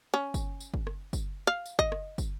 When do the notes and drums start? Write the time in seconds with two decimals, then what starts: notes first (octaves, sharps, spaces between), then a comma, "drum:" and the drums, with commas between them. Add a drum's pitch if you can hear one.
0.14 C#4
0.34 drum: kick, tambourine
0.60 drum: tambourine
0.74 drum: kick
0.87 drum: rim click
1.13 drum: kick, tambourine
1.47 F5
1.66 drum: tambourine
1.79 D#5, drum: kick
1.92 drum: rim click
2.18 drum: kick, tambourine